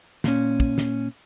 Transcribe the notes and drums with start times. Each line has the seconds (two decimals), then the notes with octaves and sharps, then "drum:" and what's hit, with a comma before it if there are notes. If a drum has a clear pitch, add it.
0.24 A#2 C#4, drum: snare
0.60 drum: kick
0.78 drum: snare